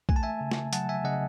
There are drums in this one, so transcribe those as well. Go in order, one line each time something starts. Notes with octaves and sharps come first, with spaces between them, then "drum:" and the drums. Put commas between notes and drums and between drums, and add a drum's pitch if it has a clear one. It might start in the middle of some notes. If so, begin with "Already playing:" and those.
A3 G#5, drum: kick
A5
E5 G#5
C#3
drum: snare
F#3 F#5 A5, drum: hi-hat
E5 G#5
C#3 D#5 F#5